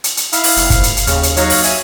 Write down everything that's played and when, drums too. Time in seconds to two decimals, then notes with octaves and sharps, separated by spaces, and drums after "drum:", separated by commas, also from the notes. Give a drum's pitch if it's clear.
0.04 drum: hi-hat
0.17 drum: hi-hat
0.33 E4 F5, drum: hi-hat
0.44 drum: open hi-hat
0.57 F1, drum: hi-hat
0.70 drum: kick, hi-hat
0.83 drum: hi-hat
0.97 drum: hi-hat
1.07 D#2 C#3, drum: hi-hat
1.23 drum: hi-hat
1.37 F#3 D#4 C#5 F5, drum: hi-hat
1.50 drum: open hi-hat
1.64 E5 G#5, drum: hi-hat